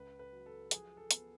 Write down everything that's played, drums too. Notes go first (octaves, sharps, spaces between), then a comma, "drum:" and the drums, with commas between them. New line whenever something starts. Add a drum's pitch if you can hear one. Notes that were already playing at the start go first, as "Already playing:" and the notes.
Already playing: C#2 B4
B4
F#3
A4
F3 G#4, drum: hi-hat
A4
B3, drum: hi-hat